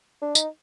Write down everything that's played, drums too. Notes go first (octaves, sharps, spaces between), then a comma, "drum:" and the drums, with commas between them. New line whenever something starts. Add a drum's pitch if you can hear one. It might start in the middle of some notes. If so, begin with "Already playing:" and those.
D4
D#4, drum: tambourine